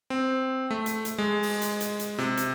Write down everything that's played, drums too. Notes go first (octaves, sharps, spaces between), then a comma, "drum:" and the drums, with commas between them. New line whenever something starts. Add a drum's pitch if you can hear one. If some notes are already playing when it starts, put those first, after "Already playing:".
C4
A3
drum: hi-hat
drum: hi-hat
G#3
drum: open hi-hat
drum: hi-hat
drum: hi-hat
drum: hi-hat
C3, drum: snare
drum: hi-hat